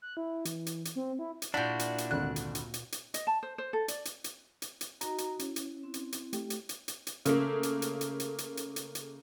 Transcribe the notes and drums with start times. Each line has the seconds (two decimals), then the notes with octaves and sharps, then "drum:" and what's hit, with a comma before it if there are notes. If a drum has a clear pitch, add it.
0.02 F#6
0.17 E4
0.45 E3, drum: hi-hat
0.66 drum: hi-hat
0.85 drum: hi-hat
0.96 C4
1.19 E4
1.42 drum: hi-hat
1.54 A#2 D4 E4 F#4 G4
1.79 drum: hi-hat
1.98 drum: hi-hat
2.11 G#1 D2 D3 F#6
2.36 drum: hi-hat
2.55 drum: hi-hat
2.74 drum: hi-hat
2.92 drum: hi-hat
3.14 D#5, drum: hi-hat
3.27 A5
3.43 C5
3.58 C5
3.73 A4
3.88 D5, drum: hi-hat
4.05 drum: hi-hat
4.24 drum: hi-hat
4.62 drum: hi-hat
4.81 drum: hi-hat
5.01 D#4 F#4 D#5 A#5, drum: hi-hat
5.18 drum: hi-hat
5.39 C#4 E4, drum: hi-hat
5.56 drum: hi-hat
5.83 C4 E4
5.94 drum: hi-hat
6.12 drum: hi-hat
6.33 A3 G4, drum: hi-hat
6.50 drum: hi-hat
6.69 drum: hi-hat
6.88 drum: hi-hat
7.07 drum: hi-hat
7.25 C#3 A3 A#3, drum: hi-hat
7.63 drum: hi-hat
7.82 drum: hi-hat
8.01 drum: hi-hat
8.20 drum: hi-hat
8.38 drum: hi-hat
8.57 drum: hi-hat
8.76 drum: hi-hat
8.95 drum: hi-hat